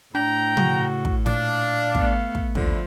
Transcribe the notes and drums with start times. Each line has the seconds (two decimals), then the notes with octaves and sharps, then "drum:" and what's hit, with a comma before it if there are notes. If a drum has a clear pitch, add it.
0.15 A2 D4 G5 A#5
0.57 C#3 F#4, drum: tom
1.05 drum: kick
1.26 A#2 D4 F5, drum: snare
1.95 A3 B3, drum: kick
2.35 drum: kick
2.55 D#2 D3 F3 E4, drum: kick